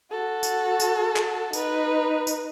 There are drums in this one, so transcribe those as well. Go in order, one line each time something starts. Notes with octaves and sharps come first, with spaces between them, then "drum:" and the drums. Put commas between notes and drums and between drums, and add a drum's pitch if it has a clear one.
F#4 A4
drum: tambourine
drum: tambourine
drum: clap
D#4 B4, drum: tambourine
drum: tambourine